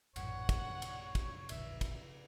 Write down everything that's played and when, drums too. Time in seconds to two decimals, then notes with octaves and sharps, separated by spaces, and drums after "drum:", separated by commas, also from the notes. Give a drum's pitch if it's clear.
0.16 A1 F#2 A#2 C#5 F#5, drum: cymbal
0.49 drum: kick, cymbal
0.82 drum: cymbal
1.15 drum: kick, cymbal
1.49 E1 A#1 D3 E5, drum: cymbal
1.81 drum: kick, cymbal